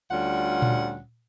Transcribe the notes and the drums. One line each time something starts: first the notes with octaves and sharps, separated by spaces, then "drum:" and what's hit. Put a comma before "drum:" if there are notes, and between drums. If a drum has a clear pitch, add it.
D2 G3 C#4 F4 F#5
drum: tom A#2